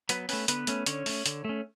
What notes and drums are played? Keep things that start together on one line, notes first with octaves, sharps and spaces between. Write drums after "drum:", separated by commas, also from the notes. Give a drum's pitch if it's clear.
F#3 B3 B4, drum: hi-hat
A3 B3 C#4 B4, drum: open hi-hat
D3 B3 B4, drum: hi-hat
A3 C#4, drum: hi-hat
D3 C#4 C#5, drum: hi-hat
A3 C#4, drum: open hi-hat
D3, drum: hi-hat
A3 C#4